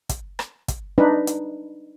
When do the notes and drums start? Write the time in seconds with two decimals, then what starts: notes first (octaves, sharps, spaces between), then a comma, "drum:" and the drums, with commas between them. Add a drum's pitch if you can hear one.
0.09 drum: kick, hi-hat
0.39 drum: rim click
0.68 drum: kick, hi-hat
0.98 D4 D#4 B4
1.27 drum: hi-hat